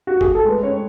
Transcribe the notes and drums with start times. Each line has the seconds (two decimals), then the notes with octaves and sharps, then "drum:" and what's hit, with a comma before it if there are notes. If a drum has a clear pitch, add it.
0.07 F#4
0.21 G#4, drum: kick
0.35 A4
0.45 G#3 B4
0.63 C#4 C#5